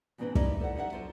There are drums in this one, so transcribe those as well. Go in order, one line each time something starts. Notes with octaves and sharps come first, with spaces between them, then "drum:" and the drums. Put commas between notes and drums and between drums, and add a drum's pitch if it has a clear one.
E2 G#2 E3 C4 D4 B4
D#4 E4 G4 D5 D#5, drum: kick
A4 C5 D5 F#5
G3 D#4 D5 E5 F#5
F#3 F4 A4 C5